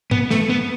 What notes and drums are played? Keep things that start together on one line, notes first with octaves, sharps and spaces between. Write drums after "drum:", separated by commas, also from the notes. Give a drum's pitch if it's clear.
B3, drum: tom
A3, drum: snare
B3